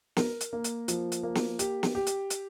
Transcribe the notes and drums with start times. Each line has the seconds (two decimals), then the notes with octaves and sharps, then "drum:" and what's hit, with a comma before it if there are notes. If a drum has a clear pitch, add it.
0.17 A#4, drum: snare
0.41 drum: hi-hat
0.53 A#3
0.64 drum: hi-hat
0.88 F3, drum: hi-hat
1.12 drum: hi-hat
1.23 A#3
1.35 drum: snare
1.59 G4, drum: hi-hat
1.83 drum: snare
1.95 G4
2.07 drum: hi-hat
2.30 drum: hi-hat